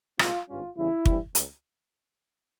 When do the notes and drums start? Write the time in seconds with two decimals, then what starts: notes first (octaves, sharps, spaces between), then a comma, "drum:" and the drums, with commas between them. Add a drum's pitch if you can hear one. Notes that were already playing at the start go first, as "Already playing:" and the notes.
0.19 C2 A#2 G#3 C4 F4, drum: rim click
0.48 G#1 G2 G3 C#4 F4
0.77 E2 C#3 E3 G3 E4
1.06 G2 E3 G3 C4, drum: kick
1.35 C#2, drum: hi-hat